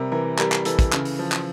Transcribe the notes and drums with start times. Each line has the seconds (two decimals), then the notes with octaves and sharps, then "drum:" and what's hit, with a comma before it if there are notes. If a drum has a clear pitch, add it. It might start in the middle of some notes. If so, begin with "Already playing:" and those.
Already playing: C3 G3 A#4
0.12 E3 A#4
0.38 G3 A#4, drum: clap
0.52 drum: clap
0.65 E3 A4, drum: hi-hat
0.79 drum: kick, hi-hat
0.92 C#3, drum: clap
1.05 drum: open hi-hat
1.19 F3
1.32 drum: clap